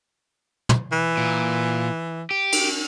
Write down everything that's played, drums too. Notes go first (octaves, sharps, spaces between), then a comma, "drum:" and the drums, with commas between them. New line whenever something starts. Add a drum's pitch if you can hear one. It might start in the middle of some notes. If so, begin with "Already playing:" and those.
drum: tom
E3
A#2
G4
drum: cymbal